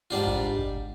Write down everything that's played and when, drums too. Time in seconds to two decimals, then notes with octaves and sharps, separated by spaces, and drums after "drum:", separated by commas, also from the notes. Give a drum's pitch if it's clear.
0.11 G#2 G3 D4 F4
0.27 drum: kick G1
0.59 drum: kick G1